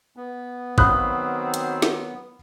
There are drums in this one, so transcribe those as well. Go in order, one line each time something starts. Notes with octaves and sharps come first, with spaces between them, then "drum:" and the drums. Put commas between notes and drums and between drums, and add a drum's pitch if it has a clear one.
B3
D#3 F#3 C4 F5 B5 D#6 F#6, drum: kick
drum: hi-hat
drum: snare